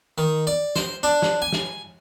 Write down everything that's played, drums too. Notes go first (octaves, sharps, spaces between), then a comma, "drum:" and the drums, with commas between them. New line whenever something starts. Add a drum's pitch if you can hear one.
D#3
D5
C5, drum: snare
D4
drum: snare
G#5
drum: snare